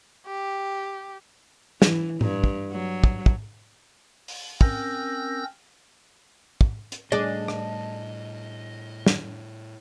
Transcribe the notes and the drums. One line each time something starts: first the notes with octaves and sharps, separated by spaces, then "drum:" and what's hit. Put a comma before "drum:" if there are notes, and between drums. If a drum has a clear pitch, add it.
G4
E3, drum: snare
G2, drum: tom A2
drum: kick
F#3
drum: kick
drum: kick
drum: open hi-hat
C4 C#4 A#4 E6 G6 A#6, drum: kick
drum: kick
drum: hi-hat
A2 G3 A3 D4 G#4 D5 D#5
drum: rim click
drum: snare